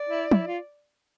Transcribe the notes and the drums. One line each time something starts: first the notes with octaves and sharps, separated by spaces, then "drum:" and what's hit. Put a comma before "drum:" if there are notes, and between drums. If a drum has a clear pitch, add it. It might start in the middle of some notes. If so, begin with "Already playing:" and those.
Already playing: D5
E4
E4, drum: tom
F4